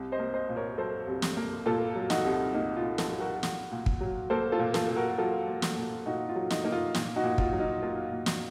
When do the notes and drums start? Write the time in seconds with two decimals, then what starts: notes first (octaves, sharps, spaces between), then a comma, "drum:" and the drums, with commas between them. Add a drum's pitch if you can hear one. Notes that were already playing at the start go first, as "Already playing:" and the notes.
Already playing: C2
0.12 C5 D#5
0.19 A#3
0.34 C5 D#5
0.49 A#2
0.56 A#4 C#5
0.78 F#3 A4 C5
1.07 C2
1.22 drum: snare
1.37 A#3
1.66 A#2 F4 A4
1.96 F#3
2.10 D#4 F#4, drum: snare
2.25 C2
2.54 A#3 D#4
2.77 F4
2.83 A#2
2.98 F4 A4, drum: snare
3.12 F#3
3.20 F#4 A#4
3.43 A#2, drum: snare
3.72 A#2
3.86 drum: kick
4.01 F#3
4.30 A#3 A4 C5
4.52 F4 A4
4.59 A#2
4.74 F4 A4, drum: snare
4.89 A#2
4.96 F#4 A#4
5.18 F#3 F4 A4
5.48 A#3
5.62 drum: snare
5.77 A#2
6.06 A#2 D#4 F#4
6.29 F4
6.36 F#3
6.50 D#4, drum: snare
6.64 A#3 D#4
6.72 F4
6.95 A#2, drum: snare
7.16 D#4 F#4
7.24 A#2
7.38 F4, drum: kick
7.53 F#3
7.60 D#4
7.82 A#3 F4
8.11 A#2
8.26 drum: snare